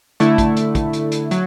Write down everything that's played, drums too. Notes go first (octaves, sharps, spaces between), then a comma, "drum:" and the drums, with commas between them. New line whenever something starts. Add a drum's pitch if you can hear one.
D3 A3 E4, drum: hi-hat
drum: kick, hi-hat
drum: hi-hat
drum: kick, hi-hat
drum: hi-hat
drum: hi-hat
F#3, drum: hi-hat